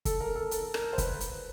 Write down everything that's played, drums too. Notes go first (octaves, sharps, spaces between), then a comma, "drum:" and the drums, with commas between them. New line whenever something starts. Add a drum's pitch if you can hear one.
A4, drum: kick, hi-hat
A#4
A4
A4, drum: hi-hat
A#4, drum: rim click
C5
B4, drum: kick, hi-hat
drum: hi-hat